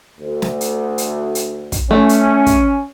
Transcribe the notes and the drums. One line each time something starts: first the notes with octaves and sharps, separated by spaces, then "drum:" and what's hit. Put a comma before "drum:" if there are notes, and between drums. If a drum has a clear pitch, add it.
D2
drum: snare
drum: hi-hat
drum: hi-hat
drum: hi-hat
drum: kick, hi-hat
A3 C#4
drum: hi-hat
drum: kick, hi-hat